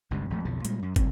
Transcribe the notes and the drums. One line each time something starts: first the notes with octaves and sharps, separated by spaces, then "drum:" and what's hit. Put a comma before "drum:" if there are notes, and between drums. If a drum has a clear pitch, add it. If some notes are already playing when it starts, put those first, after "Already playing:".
G1 C#2 G2 C3
G#1 F2 A2 A3
B1 F2 B2 D3
A#2 G3 G#3, drum: hi-hat
F#2
F#1 C2 C4, drum: kick, hi-hat